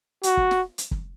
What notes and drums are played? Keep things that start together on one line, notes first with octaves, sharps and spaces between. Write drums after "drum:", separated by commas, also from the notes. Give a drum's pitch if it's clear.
F#4, drum: hi-hat
drum: kick
drum: snare
drum: hi-hat
drum: kick